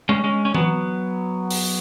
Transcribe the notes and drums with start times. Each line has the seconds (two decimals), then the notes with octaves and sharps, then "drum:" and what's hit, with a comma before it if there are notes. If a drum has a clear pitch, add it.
0.09 G#3 C#4
0.24 G#3 C#4
0.45 C#4
0.55 F#3 B3, drum: tom E3
1.51 drum: open hi-hat